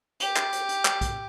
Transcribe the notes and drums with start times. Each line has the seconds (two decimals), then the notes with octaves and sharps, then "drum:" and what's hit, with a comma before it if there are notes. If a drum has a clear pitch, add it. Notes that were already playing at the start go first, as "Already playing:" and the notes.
0.20 G4, drum: hi-hat
0.36 drum: clap
0.52 drum: hi-hat
0.69 drum: hi-hat
0.85 drum: clap
1.01 drum: kick, hi-hat